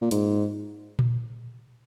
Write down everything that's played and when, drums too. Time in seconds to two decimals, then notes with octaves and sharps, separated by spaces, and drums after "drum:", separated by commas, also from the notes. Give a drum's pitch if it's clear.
0.02 A#2
0.11 G#2, drum: hi-hat
0.99 drum: tom A#2